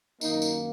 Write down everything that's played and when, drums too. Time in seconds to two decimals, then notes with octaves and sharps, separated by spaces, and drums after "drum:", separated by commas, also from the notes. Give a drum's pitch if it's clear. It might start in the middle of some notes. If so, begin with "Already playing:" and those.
0.21 F#2 D#3 A#3 D#4, drum: tambourine
0.42 drum: tambourine